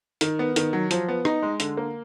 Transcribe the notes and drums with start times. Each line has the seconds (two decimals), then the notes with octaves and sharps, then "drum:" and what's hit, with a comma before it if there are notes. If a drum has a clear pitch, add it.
0.21 D#3, drum: hi-hat
0.39 B3
0.56 D#3, drum: hi-hat
0.73 F#3
0.91 F3, drum: hi-hat
1.08 B3
1.25 D#4, drum: rim click
1.43 G#3
1.60 D3, drum: hi-hat
1.77 A#3